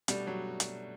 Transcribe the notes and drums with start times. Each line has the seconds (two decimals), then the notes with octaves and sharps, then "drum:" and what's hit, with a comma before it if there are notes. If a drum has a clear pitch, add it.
0.08 B2 G3 A3 D4, drum: hi-hat
0.27 F#3
0.60 drum: hi-hat